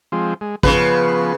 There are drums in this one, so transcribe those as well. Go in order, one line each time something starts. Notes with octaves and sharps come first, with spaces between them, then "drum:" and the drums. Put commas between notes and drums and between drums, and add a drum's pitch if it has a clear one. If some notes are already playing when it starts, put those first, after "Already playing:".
F3 G#3 C4
G#3
C#3 F3 B3 B4, drum: kick